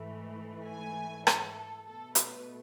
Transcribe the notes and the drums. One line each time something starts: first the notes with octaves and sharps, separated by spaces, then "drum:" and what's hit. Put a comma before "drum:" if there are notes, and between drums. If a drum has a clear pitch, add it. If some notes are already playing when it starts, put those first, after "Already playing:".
Already playing: G#2 E3 A3
G#5
A4, drum: rim click
B2 A3 A4
B4, drum: hi-hat